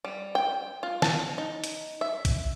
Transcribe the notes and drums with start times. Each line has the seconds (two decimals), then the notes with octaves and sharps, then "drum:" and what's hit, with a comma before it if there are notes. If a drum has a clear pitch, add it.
0.05 G3
0.35 G5
0.83 F4
1.02 A5, drum: snare
1.38 D#4
1.64 drum: hi-hat
2.01 E5
2.25 drum: kick A#1, hi-hat